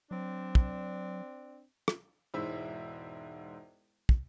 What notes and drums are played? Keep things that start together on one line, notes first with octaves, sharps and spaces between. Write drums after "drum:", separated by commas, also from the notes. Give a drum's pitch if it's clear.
F#3 C4 D4
drum: kick
drum: rim click
E1 G#2 E4 C5 E5
drum: kick